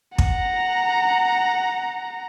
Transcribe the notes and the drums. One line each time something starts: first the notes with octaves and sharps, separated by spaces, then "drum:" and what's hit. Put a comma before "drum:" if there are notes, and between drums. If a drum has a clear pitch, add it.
F#5 A#5, drum: kick